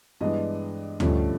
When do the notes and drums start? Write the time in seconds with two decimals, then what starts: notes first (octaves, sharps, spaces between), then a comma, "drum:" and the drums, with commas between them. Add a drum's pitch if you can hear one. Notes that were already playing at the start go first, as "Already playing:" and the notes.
0.21 G2 E3 G#3 B3 D4 D#5
1.00 G2 D3 F3 A3 C#4, drum: tom